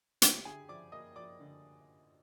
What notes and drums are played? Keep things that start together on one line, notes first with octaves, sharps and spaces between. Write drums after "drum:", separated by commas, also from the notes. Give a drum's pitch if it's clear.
D3 G4 G5, drum: hi-hat
D3 G#4 G#5
F3 D5 D6
A#3 D#5 D#6
F3 D5 D6
D3